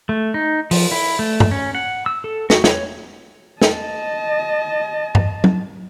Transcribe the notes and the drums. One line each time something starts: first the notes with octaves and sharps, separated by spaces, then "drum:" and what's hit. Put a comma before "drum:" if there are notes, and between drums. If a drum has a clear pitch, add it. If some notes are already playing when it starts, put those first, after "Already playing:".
A3
D#4
F3, drum: open hi-hat
E4
A3
drum: tom G2
C#4
F#5
E6
A4
F#4, drum: snare
C#5, drum: snare
D#5 A5, drum: snare
drum: tom G2
drum: tom